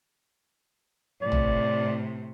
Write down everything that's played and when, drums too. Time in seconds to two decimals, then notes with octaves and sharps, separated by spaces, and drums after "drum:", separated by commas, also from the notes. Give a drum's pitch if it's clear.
1.22 A2 C3 D5
1.32 drum: tom A1